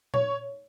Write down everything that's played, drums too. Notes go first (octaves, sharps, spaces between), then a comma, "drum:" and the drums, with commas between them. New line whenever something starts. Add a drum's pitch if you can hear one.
C#5, drum: tom A#2